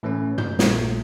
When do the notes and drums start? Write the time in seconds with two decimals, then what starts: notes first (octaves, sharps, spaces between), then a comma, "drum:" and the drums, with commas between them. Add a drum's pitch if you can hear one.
0.03 A2 E3 A3 C#4
0.38 G6, drum: tom
0.59 A#1 A#2 A3, drum: snare